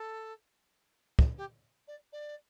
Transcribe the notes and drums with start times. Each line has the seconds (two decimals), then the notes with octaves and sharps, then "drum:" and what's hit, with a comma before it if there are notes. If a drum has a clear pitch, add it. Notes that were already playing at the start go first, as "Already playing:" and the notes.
Already playing: A4
1.19 drum: kick
1.37 G4
1.87 D5
2.12 D5